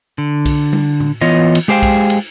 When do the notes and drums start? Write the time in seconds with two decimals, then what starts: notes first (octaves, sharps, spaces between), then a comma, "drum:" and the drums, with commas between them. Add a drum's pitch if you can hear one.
0.18 D3
0.45 drum: kick B1, cymbal
0.73 drum: tom G3
1.00 drum: tom A2
1.21 E3 B3 F4 C#5 D#5
1.55 drum: cymbal
1.68 G#3 G4 G#4 C5 F5 G5
1.82 drum: kick B1, cymbal
2.10 drum: cymbal